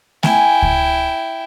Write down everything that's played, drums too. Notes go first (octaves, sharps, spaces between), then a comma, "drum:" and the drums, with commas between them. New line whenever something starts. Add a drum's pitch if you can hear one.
E4 G5 G#5, drum: snare A3
drum: kick C#2